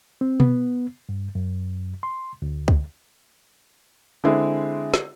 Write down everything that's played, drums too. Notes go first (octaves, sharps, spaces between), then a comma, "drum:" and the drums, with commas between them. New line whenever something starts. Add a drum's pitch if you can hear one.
C4
B3, drum: tom B2
G2
F#2
C6
D2
drum: kick
D3 G#3 C4 E4 G#4
drum: snare